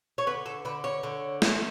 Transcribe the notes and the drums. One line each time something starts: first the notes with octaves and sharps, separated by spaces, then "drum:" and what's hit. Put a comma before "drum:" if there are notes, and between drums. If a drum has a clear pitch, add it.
C#5
D3 B4
A4
D3 B4
C#5
D3
A3, drum: snare